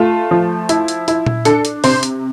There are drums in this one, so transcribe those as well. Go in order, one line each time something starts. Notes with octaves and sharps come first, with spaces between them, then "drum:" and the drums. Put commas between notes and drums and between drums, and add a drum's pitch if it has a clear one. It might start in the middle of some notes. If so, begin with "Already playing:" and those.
Already playing: A3 F4
F3
E4, drum: hi-hat
drum: hi-hat
E4, drum: hi-hat
drum: tom A#2
D4 A4, drum: hi-hat
drum: hi-hat
C3 C5, drum: open hi-hat
drum: hi-hat